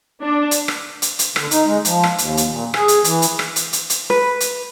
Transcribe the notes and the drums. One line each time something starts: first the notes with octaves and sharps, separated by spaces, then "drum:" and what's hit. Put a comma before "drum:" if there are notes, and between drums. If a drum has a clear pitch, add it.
D4
drum: hi-hat
drum: rim click
drum: hi-hat
drum: hi-hat
D3, drum: rim click
D#4, drum: hi-hat
G#3
F3, drum: hi-hat
drum: rim click
D#2, drum: hi-hat
drum: hi-hat
A#2
G#4, drum: rim click
drum: hi-hat
E3, drum: hi-hat
drum: hi-hat
drum: rim click
drum: hi-hat
drum: hi-hat
drum: hi-hat
B4
drum: hi-hat